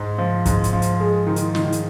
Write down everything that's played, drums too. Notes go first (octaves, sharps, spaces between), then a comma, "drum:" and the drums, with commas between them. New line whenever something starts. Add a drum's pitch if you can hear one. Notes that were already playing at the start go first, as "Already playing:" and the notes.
Already playing: G#2
F3
G#2, drum: kick, hi-hat
drum: hi-hat
F3
drum: hi-hat
G#3
D#3
drum: hi-hat
D#3, drum: snare
drum: hi-hat